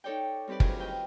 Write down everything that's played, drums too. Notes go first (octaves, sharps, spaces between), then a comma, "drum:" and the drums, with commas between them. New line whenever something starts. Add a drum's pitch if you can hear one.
D#4 A4 C#5 D5 G5
G3 C4 G4 B4 D5
D2 D#3 F#3 F4 G#4 G#5, drum: kick
D#5 G5